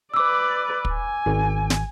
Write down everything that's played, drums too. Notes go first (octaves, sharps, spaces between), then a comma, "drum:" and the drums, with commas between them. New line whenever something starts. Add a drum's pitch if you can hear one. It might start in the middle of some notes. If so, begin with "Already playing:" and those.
B4 D5 D6 E6
drum: kick
G#5
G#1
drum: snare